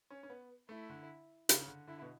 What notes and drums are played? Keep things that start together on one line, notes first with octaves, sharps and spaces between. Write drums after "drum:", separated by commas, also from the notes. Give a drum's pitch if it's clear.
C#4
C#4
B3
A3 E4
D3
C#3, drum: hi-hat
D3
D3 E4
B2